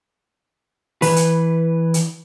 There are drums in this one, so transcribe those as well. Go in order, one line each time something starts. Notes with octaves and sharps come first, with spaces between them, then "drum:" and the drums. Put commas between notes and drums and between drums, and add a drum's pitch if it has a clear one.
E3 B4, drum: open hi-hat
drum: hi-hat
drum: hi-hat